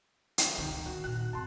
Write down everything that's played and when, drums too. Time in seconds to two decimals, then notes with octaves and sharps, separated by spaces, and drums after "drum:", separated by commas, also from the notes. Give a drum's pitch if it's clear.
0.38 drum: hi-hat
0.58 C#2 D#3 C#4
0.72 A2
0.86 D#3 F#4
1.04 A#2 F#6
1.33 G#2 C3 A5 C6